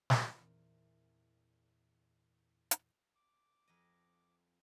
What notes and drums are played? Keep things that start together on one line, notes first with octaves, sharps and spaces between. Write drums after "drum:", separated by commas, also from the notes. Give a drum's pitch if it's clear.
drum: snare
E2 A#2 C4
drum: hi-hat
D6
F2 D#5